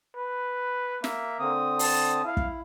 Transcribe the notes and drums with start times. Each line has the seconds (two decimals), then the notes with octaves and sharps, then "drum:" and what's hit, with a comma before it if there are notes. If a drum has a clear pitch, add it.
0.16 B4
1.04 A#3 E5, drum: snare
1.39 D3 C4 D#6
1.79 A5, drum: open hi-hat
2.25 E4 F5
2.37 drum: kick